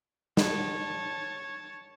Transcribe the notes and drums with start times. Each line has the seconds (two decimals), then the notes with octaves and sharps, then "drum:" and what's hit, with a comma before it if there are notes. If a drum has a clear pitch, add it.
0.37 C#5 A5, drum: snare